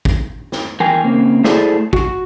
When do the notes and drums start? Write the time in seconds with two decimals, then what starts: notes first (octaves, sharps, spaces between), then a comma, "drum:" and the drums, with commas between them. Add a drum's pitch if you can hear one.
0.05 drum: kick
0.52 drum: snare
0.80 E2 A#4 G5 G#5
1.04 C#3 A#3 C4
1.44 A3 E4 G#4 A4 C5 D5, drum: snare
1.93 F#4, drum: kick